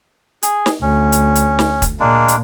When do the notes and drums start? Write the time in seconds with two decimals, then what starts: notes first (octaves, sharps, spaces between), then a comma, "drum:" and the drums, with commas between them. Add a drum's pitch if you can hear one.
0.43 G#4, drum: hi-hat
0.66 drum: snare
0.82 D2 C#4
1.12 drum: hi-hat
1.35 drum: hi-hat
1.59 drum: snare
1.82 drum: kick, hi-hat
2.00 A#2 G#3 A#3 D4
2.28 drum: hi-hat